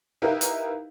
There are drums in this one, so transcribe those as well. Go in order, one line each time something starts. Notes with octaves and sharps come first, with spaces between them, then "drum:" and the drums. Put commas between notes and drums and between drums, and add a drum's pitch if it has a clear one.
D#4 E4 G4 A#4 B4 F5
drum: hi-hat